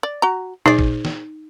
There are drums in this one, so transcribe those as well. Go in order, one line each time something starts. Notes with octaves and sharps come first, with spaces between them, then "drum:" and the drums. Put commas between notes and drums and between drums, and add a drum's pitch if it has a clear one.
D5
F#4 A#5
D#4 G#4 C5 D5, drum: tom A#2
drum: kick
drum: snare